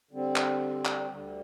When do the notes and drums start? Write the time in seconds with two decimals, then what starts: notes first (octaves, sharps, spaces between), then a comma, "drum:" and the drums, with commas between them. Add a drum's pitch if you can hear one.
0.11 D3 G3 C4
0.36 drum: clap
0.85 drum: clap
1.10 D2 D3 G3